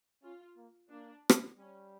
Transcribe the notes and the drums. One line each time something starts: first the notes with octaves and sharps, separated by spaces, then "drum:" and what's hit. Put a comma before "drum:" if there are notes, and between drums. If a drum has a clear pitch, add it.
C#4 F4
A#3
A#3 D4
drum: rim click
G3 C#4